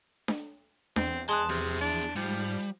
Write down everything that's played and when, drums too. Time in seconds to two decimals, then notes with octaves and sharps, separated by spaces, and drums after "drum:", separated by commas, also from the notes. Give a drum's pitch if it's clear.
0.28 drum: snare D4
0.96 E2 C4, drum: snare D4
1.29 G#3 A5 C6 D#6 F#6
1.49 C3 F3 G#4
1.81 D4
2.16 G#2 F3 G3